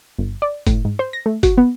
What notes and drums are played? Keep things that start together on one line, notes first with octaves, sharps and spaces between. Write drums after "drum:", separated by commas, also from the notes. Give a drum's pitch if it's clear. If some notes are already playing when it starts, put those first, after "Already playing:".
G1
D5
A2, drum: kick F#1, hi-hat
G#2
C5
A#6
A3
F#4, drum: kick F#1, hi-hat
B3